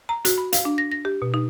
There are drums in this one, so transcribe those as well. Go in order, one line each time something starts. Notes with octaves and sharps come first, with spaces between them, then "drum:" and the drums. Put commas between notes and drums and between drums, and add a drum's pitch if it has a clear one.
A#5
F#4, drum: hi-hat
B5
F5, drum: hi-hat
D4
A#6
A#6
G4
B2
D#4